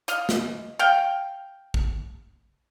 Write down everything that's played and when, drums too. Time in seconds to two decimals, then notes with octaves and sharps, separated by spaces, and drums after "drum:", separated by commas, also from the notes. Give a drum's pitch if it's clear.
0.08 D#5 F5, drum: hi-hat
0.29 drum: snare
0.79 F5 G5
1.74 drum: kick